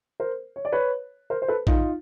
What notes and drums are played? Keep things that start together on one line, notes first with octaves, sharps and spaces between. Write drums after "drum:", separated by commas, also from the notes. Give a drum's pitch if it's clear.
A#4 C5
C#5
D5
B4 C#5
A#4 C5
C5
A4 B4
D#4 F4, drum: kick A#1